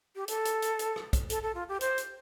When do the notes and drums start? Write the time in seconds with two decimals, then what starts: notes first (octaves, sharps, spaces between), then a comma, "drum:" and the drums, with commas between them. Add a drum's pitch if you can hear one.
0.16 G4
0.28 A4, drum: hi-hat
0.45 drum: hi-hat
0.62 drum: hi-hat
0.79 drum: hi-hat
0.96 drum: rim click
1.13 drum: kick, hi-hat
1.30 A4, drum: hi-hat
1.43 A4
1.55 F4
1.69 G4
1.81 C5, drum: hi-hat
1.98 drum: hi-hat